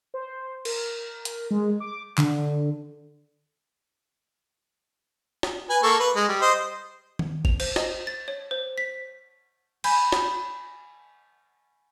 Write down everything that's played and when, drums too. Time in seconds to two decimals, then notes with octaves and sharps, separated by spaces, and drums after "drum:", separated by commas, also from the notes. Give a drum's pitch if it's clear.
0.14 C5
0.65 A#4, drum: cymbal
1.25 drum: hi-hat
1.51 G#3
1.80 D6
2.18 D3, drum: clap
5.43 drum: snare
5.70 B4 G#5
5.83 A#3 A4 C#6
6.00 B4
6.16 G#3
6.28 G3
6.42 C5 D#5
7.19 drum: tom D#3
7.45 F7, drum: kick G1
7.60 C5, drum: cymbal
7.76 D#5, drum: snare
8.07 A6
8.28 C#5
8.51 C5
8.78 B6
9.84 G#5 B5 G6, drum: cymbal
10.12 drum: snare